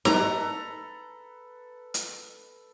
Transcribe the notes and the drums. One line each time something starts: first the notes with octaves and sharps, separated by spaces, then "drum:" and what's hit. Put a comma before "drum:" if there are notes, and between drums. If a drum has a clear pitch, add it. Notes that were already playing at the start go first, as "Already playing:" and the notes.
A4 B4 A#5, drum: snare D#4
drum: hi-hat